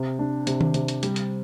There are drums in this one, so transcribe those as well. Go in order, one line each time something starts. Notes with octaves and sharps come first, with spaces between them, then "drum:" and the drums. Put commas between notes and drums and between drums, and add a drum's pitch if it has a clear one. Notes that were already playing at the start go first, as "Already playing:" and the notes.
Already playing: C3
D4
C3, drum: hi-hat
drum: tom D#3
C3, drum: hi-hat
drum: hi-hat
G3, drum: hi-hat
drum: hi-hat